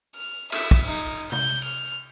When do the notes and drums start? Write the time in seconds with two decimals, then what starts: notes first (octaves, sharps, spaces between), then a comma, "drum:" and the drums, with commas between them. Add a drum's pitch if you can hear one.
0.15 F6
0.52 E5, drum: cymbal
0.71 drum: kick
0.87 D#4
1.32 G6, drum: tom
1.64 F6